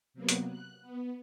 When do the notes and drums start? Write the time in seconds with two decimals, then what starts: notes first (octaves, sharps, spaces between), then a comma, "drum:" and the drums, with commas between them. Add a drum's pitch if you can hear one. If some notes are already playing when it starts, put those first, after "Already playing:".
0.14 C3 F#3 A#3 B3
0.29 drum: hi-hat
0.47 F#6
0.82 B3